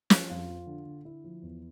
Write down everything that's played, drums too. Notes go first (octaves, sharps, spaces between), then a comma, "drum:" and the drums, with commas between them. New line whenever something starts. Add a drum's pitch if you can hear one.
F3, drum: snare
F2 F4
F3
D3
D3
D3 E4
F3
E2